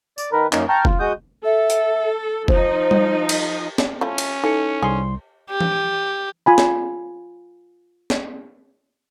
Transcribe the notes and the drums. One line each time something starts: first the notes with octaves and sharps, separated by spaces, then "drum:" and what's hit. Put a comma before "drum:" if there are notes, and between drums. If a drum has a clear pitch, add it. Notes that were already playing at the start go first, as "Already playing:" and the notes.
D5, drum: tambourine
D#3 A#4 B4
F#2 A#3 C#4 D#4, drum: clap
G5 A5 A#5 C#6 F6 G6
F4, drum: kick
G#3 F#4 D#6 G6
A4 E5
drum: hi-hat
F3 D#4 C5, drum: kick
drum: tom G3
drum: cymbal
drum: snare
F3 A3 C#4 E4
drum: cymbal
E3 D#4 A4 C#7
C2 G#4 C6
G4
drum: tom E3
F4 G#5 B5
drum: snare
drum: snare